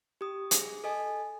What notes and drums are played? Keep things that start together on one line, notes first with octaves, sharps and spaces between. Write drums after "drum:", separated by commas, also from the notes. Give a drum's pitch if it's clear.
G4 D#6
G#4, drum: hi-hat
A4 D#5 G#5